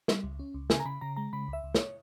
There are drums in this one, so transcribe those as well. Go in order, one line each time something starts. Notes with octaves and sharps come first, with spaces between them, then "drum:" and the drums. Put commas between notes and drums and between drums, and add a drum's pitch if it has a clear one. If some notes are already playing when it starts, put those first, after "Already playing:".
G3, drum: snare
C#2
C#4
C#2
C#3 G#5, drum: snare
A#5
C#3 B5
C#3 A#5
G#3 A#5
C#3 B5
C#2 E5
C#2
C#5, drum: snare